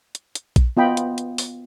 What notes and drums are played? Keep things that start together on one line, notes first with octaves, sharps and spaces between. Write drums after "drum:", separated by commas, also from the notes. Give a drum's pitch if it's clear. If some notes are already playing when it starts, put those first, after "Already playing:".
drum: hi-hat
drum: hi-hat
drum: kick A#1, hi-hat
B3 F4 D#5 G5 B5
drum: hi-hat
drum: hi-hat
drum: open hi-hat